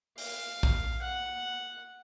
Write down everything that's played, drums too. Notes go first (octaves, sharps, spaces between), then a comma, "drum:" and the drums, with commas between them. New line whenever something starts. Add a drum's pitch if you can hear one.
F5, drum: open hi-hat
drum: kick A#1
F#5